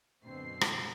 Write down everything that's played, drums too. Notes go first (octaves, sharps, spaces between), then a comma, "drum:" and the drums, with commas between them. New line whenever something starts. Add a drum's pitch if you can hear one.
F#2 B2 D3 C4 C5 C7
drum: rim click